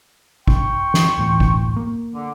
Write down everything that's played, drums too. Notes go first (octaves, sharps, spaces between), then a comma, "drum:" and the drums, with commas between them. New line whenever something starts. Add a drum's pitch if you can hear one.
G5 C6 C#6, drum: kick
drum: snare
D1 A2 E3
drum: kick
A#3
D3